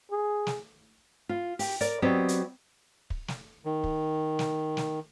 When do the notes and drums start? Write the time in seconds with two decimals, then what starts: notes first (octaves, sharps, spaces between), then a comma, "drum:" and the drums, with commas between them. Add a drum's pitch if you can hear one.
0.11 G#4
0.47 drum: snare
1.29 F4
1.59 G4, drum: open hi-hat
1.81 A#4 D5, drum: hi-hat
2.02 F#3 B3 C4 G4 D5 D#5
2.28 drum: hi-hat
3.10 drum: kick
3.28 drum: snare
3.65 D#3
3.84 drum: kick
4.39 drum: snare
4.77 drum: snare